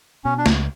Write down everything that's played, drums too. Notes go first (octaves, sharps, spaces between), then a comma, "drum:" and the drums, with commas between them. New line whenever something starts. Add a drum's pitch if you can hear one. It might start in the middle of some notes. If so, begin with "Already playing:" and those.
B2 C#4
D4
C#2, drum: snare